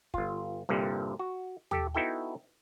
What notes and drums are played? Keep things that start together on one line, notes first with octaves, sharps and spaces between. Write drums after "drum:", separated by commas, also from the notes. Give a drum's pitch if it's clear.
G1 F4, drum: kick
C2 G2 A#2 D3 G3
F#4
G4 A4, drum: tom D#2
B3 D#4 E4 F#4 A4 G5